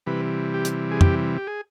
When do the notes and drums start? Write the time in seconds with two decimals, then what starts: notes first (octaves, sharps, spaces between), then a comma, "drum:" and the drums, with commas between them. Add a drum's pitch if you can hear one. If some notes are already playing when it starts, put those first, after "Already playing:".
0.06 C3 E3 G3 B4
0.54 G4
0.65 drum: hi-hat
0.91 G#4
1.01 G4, drum: tom
1.38 G4
1.47 G#4